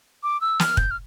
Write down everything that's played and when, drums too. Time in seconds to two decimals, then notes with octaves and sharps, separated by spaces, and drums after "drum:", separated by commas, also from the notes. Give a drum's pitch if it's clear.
0.23 D6
0.41 E6
0.60 F6, drum: snare
0.77 G6, drum: kick
0.91 F6